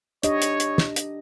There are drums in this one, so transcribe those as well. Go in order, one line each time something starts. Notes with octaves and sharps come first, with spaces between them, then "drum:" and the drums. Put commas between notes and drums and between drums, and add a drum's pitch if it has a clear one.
D4 G4 C#5 D#5, drum: hi-hat
drum: hi-hat
drum: hi-hat
drum: snare
drum: hi-hat